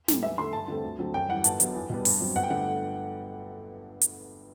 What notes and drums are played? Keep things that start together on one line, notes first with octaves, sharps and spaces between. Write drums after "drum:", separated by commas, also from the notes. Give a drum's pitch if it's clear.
A2 G3, drum: snare
E2 E5
D3 A3 C6
G2 A5
D3 A3 C4
D2
D3 F#3 A3 C4
F#2 G5
E3 G3 F#5
G1 A5, drum: hi-hat
G2 F#3 B3, drum: hi-hat
E2
B2 G3 B3
G2, drum: open hi-hat
F#3 C4
G1 F#5
G5
G2 D3 A3 F#5
drum: hi-hat